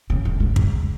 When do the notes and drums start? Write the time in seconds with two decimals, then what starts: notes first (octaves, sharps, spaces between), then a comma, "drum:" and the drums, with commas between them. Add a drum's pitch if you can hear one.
0.10 C#3
0.25 D3
0.40 C#3
0.56 drum: kick